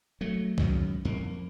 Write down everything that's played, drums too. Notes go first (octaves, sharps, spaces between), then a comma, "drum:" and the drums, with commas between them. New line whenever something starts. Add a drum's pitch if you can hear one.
F#3 A3
C#2 F#2 D#3 F#3, drum: kick C2
F2 A#3